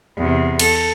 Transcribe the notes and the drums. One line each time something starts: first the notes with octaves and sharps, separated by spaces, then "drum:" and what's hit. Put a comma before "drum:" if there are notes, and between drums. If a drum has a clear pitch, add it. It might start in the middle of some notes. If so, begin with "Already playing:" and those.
E2 C3
A4, drum: cymbal